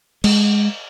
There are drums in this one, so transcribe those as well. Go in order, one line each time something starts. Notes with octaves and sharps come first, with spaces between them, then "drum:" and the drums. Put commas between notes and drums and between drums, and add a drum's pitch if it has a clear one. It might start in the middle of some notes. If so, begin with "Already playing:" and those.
G#3, drum: cymbal